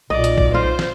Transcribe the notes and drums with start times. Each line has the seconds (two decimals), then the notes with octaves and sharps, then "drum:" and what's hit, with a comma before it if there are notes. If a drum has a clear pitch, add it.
0.10 B1 A#2 D5 D#5
0.24 drum: hi-hat
0.38 drum: kick A1
0.54 F4 C5
0.79 drum: snare